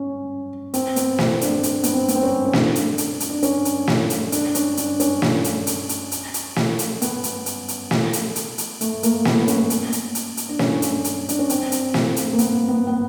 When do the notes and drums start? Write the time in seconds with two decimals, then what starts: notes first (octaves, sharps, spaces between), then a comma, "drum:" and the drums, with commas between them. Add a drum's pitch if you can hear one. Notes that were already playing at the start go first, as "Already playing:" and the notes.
Already playing: C#4
0.74 C4, drum: hi-hat
0.96 B3, drum: hi-hat
1.19 C4, drum: snare
1.41 D4, drum: hi-hat
1.63 D4, drum: hi-hat
1.83 B3, drum: hi-hat
1.93 C4
2.08 B3, drum: hi-hat
2.15 C4
2.23 C#4
2.45 C#4
2.53 D4, drum: snare
2.76 drum: hi-hat
2.98 drum: hi-hat
3.20 drum: hi-hat
3.29 D4
3.43 C#4, drum: hi-hat
3.65 drum: hi-hat
3.88 drum: snare
4.10 drum: hi-hat
4.32 D4, drum: hi-hat
4.55 C#4, drum: hi-hat
4.77 D4, drum: hi-hat
5.00 C#4, drum: hi-hat
5.22 drum: snare
5.44 drum: hi-hat
5.67 drum: hi-hat
5.89 drum: hi-hat
6.12 drum: hi-hat
6.34 drum: hi-hat
6.56 drum: snare
6.79 drum: hi-hat
7.02 B3, drum: hi-hat
7.24 drum: hi-hat
7.46 drum: hi-hat
7.68 drum: hi-hat
7.91 drum: snare
8.13 drum: hi-hat
8.36 drum: hi-hat
8.58 drum: hi-hat
8.81 A3, drum: hi-hat
9.03 A#3, drum: hi-hat
9.25 B3, drum: snare
9.48 C#4, drum: hi-hat
9.70 drum: hi-hat
9.92 drum: hi-hat
10.15 drum: hi-hat
10.37 drum: hi-hat
10.49 D4
10.59 C#4, drum: snare
10.82 drum: hi-hat
11.04 drum: hi-hat
11.29 D4, drum: hi-hat
11.39 C#4
11.49 C4, drum: hi-hat
11.72 drum: hi-hat
11.94 drum: snare
12.16 drum: hi-hat
12.33 A#3
12.39 B3, drum: hi-hat
12.68 B3
12.87 B3